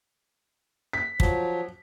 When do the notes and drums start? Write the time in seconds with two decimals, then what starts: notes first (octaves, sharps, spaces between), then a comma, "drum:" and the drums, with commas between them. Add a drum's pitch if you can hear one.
0.93 B6
1.20 F3 F#3, drum: kick